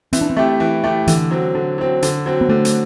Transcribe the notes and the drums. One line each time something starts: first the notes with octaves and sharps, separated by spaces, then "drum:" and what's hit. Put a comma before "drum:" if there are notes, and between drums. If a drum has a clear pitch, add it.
E3 C4, drum: hi-hat
D4
C4
A3 E4 G4
E3
A3 E4 G4
D3 E3, drum: hi-hat
F#3 C4
D3
F#3 C4
D3, drum: hi-hat
F#3 C4
B3
D3 A3
drum: hi-hat